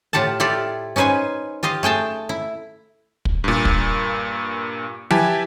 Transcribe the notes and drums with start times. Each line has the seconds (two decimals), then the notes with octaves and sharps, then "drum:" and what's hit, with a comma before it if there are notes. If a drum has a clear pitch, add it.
0.13 A2 F4 G4 F#5 A5
0.40 E4 F4 G4 A4 D5
0.96 C#4 D#4 B4 C5 G#5
1.63 F4 G4 D#5 F5
1.83 A3 G#4 G5 A5
2.29 E4
3.25 drum: kick
3.44 G2 A#2
3.65 drum: kick
5.11 E4 G4 B4 G#5 A5, drum: tom F3